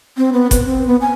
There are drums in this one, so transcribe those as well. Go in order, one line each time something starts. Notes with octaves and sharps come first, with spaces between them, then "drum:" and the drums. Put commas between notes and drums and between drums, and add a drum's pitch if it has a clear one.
C4
B3
B4, drum: kick F#1, hi-hat
C4
B3
G#5